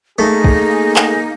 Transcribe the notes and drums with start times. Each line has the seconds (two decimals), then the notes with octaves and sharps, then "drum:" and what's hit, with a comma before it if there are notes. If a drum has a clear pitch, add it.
0.19 A3 A#3 D#4 G#4
0.44 drum: kick
0.96 drum: clap